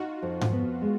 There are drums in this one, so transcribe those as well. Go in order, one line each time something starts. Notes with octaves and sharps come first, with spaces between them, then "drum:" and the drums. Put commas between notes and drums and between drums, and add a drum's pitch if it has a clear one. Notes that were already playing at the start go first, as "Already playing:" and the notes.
Already playing: D#4 F4 F#4
F2
drum: tom G#2
B3
G#3